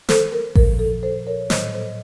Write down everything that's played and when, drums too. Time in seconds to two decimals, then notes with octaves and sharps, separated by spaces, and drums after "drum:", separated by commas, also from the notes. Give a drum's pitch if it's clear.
0.09 A4 C5, drum: snare
0.32 A#4
0.55 A#2 F3 A#4, drum: kick A1
0.79 A4
1.02 A4 C5
1.27 A#4 C#5
1.50 A2 F#3 C5 D#5, drum: snare
1.73 A4 C5